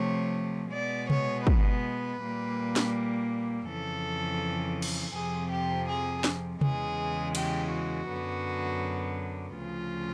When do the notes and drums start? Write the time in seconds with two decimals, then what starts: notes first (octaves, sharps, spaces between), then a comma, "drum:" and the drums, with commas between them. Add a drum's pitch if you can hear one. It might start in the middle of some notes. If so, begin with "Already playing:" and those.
Already playing: C3 F3 A3 C#5
0.73 B2 G#3 B3 D5
1.10 C#5, drum: tom C3
1.47 B4, drum: kick
2.20 A#2 G3 A#3
2.76 drum: snare
3.67 F2 C#3 E3 A4
4.82 drum: cymbal
5.14 F2 C3 F3 G#4
5.51 G4
5.88 G#4
6.24 drum: snare
6.61 E2 C#3 E3 G#3 G#4, drum: tom C3
7.35 G4, drum: cymbal
7.72 F#4
8.09 F#2 D3 F#3 B3
9.55 D2 C#3 F3 F4